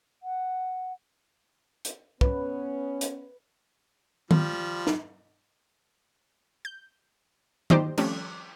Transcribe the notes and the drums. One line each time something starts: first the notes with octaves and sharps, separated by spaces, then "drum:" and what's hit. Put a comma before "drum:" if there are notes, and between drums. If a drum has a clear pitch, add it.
F#5
drum: hi-hat
B3 C#4 B4, drum: kick
drum: hi-hat
F3 G3, drum: tom D#3
drum: snare
G6
D#4 G4 C5 D5 D#5, drum: tom D#3
F3 G3 A3 C4 C#4, drum: cymbal